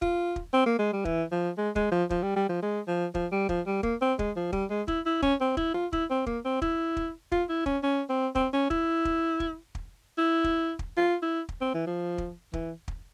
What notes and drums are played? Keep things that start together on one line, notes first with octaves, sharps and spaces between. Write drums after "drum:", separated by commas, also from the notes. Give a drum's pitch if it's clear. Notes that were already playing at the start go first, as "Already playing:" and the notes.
F4, drum: kick
drum: kick
C4
A#3
G#3
G3
E3, drum: kick
F3
G#3
G#3, drum: kick
F3
F3, drum: kick
G3
G3
F3
G#3
F3
F3, drum: kick
G3
F3, drum: kick
G3
A#3, drum: kick
C4
G#3, drum: kick
F3
G3, drum: kick
G#3
E4, drum: kick
E4
C#4, drum: kick
C4
E4, drum: kick
F4
E4, drum: kick
C4
A#3, drum: kick
C4
E4, drum: kick
drum: kick
F4, drum: kick
E4
C#4, drum: kick
C#4
C4
C4, drum: kick
C#4
E4, drum: kick
drum: kick
drum: kick
drum: kick
E4
drum: kick
drum: kick
F4
E4
drum: kick
C4
E3
F3
drum: kick
E3, drum: kick
drum: kick